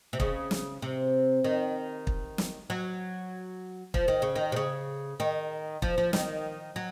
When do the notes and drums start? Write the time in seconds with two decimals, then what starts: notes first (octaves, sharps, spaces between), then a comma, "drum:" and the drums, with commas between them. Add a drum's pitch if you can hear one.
0.13 C3
0.20 C#3, drum: kick
0.51 drum: snare
0.82 C3
1.44 D#3
2.07 drum: kick
2.38 drum: snare
2.70 F#3
3.94 F3, drum: kick
4.08 D#3
4.22 C#3
4.36 D#3
4.52 C3
4.56 C#3
5.20 D#3
5.82 F3, drum: kick
5.98 F3
6.13 D#3, drum: snare
6.76 F#3